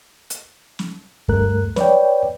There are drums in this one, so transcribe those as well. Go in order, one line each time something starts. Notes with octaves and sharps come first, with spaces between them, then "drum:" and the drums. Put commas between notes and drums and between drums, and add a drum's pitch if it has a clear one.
drum: hi-hat
drum: snare
D2 G2 A3 A#4 F#6, drum: kick
B4 C#5 D5 G5, drum: snare